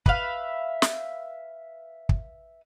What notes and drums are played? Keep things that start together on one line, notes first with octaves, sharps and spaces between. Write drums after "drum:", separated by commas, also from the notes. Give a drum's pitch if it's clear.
B4 E5 F5, drum: kick
drum: snare
drum: kick